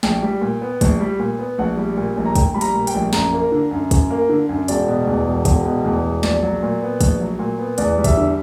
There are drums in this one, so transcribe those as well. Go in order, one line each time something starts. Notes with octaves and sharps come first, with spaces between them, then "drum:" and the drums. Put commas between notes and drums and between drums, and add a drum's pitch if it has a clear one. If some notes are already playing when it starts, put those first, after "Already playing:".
A#1 G5, drum: snare
G3
A#2
B3
A#1, drum: kick, hi-hat
G3
A#2
B3
A#1 F#5
G3
A#2
A#1
A#5
A#1 G5, drum: kick, hi-hat
G3 B5
A#5, drum: hi-hat
A#2
G5, drum: hi-hat
A#1
F#2 A#5, drum: snare
A#3
D3
F#2
F#2, drum: kick, hi-hat
A#3
D3
F#2
E1 D5, drum: hi-hat
B2
E2
E1
E1, drum: kick, hi-hat
B2
E2
E1
A#1 D5, drum: snare
F#3
A#2
B3
A#1, drum: kick, hi-hat
F#3
A#2
B3
E2 D5, drum: hi-hat
G3
E5, drum: kick, hi-hat
D3